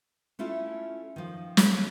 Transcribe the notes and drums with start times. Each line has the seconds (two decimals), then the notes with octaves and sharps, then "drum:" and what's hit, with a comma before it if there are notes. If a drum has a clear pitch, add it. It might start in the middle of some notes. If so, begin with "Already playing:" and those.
0.39 A3 C#4 E4 F4 A4
1.16 D#3 F3
1.57 drum: snare